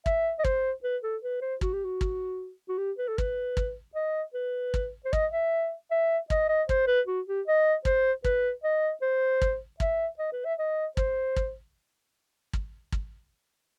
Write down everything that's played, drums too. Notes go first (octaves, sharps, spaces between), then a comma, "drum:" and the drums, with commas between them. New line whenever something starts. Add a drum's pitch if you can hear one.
E5, drum: kick
D#5
C5, drum: kick
B4
A4
B4
C5
F#4, drum: kick
G4
F#4
drum: kick
F#4
G4
B4
A4
B4, drum: kick
drum: kick
D#5
B4
drum: kick
C5
D#5, drum: kick
E5
E5
D#5, drum: kick
D#5
C5, drum: kick
B4
F#4
G4
D#5
C5, drum: kick
B4, drum: kick
D#5
C5
drum: kick
E5, drum: kick
D#5
B4
E5
D#5
C5, drum: kick
drum: kick
drum: kick
drum: kick